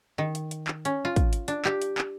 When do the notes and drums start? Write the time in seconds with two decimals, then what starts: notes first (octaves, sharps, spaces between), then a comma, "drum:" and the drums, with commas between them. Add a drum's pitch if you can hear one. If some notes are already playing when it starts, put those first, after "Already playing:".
0.18 D#3
0.35 drum: hi-hat
0.51 drum: hi-hat
0.68 drum: clap
0.85 C#4, drum: hi-hat
1.05 F4
1.16 drum: kick, hi-hat
1.33 drum: hi-hat
1.48 D4, drum: hi-hat
1.65 G4, drum: clap
1.82 drum: hi-hat
1.98 drum: clap